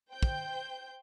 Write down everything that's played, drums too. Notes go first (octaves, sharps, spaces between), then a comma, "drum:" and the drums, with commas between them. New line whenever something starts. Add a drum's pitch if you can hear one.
C5 G5 G6
drum: kick